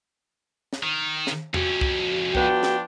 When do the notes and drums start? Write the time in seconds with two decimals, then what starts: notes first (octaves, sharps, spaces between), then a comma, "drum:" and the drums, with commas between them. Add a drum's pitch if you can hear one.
0.73 drum: snare
0.83 D#3
1.27 drum: snare
1.54 F2 C#4 F#4, drum: tom E2
1.81 drum: kick C2
2.35 F3 B3 D4 G5, drum: kick C2
2.63 drum: snare